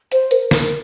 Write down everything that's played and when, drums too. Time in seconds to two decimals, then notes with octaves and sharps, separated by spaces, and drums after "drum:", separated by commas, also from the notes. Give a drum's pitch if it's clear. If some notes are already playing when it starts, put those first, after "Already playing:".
0.12 C5, drum: hi-hat
0.31 A#4, drum: hi-hat
0.51 drum: snare